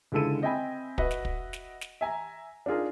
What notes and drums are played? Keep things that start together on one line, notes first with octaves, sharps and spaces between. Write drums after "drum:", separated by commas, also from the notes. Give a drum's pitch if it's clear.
C#2 D3 G#3 E4 A4 D#7
C4 D#5 E5 G5 G#5 B5
F#4 B4 D#5 E5 F#5, drum: kick
drum: snare
drum: kick
drum: snare
drum: snare
E5 G#5 A#5
D4 D#4 F4 G#4 A#4